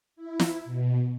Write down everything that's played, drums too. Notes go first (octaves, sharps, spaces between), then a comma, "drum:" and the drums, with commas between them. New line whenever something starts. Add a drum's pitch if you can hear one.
E4
drum: snare
B2